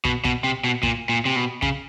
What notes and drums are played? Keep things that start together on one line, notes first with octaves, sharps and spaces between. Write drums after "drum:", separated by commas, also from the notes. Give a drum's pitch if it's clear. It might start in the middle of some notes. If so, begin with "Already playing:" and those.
B2, drum: kick
B2, drum: kick
C3
B2
A#2, drum: kick
A#2
C3
B2
C#3, drum: kick